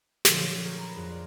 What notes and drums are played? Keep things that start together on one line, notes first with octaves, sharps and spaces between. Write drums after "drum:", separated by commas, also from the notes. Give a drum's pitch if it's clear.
A#2 D3 F3 C#4 A4, drum: snare
F#3 C#4 D6 G6 A#6
G#4 A#4
A#5 B5
F2 G#3 D4 A#6
D5